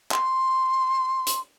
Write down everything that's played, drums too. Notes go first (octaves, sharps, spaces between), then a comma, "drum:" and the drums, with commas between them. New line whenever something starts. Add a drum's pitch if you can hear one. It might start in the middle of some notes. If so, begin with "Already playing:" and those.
C6, drum: clap
drum: hi-hat